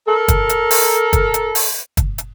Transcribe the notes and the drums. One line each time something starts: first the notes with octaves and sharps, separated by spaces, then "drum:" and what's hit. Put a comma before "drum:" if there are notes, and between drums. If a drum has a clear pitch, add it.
A4 A#4
drum: kick, hi-hat
drum: hi-hat
drum: open hi-hat
drum: kick, hi-hat
drum: hi-hat
drum: open hi-hat
drum: kick, hi-hat
drum: hi-hat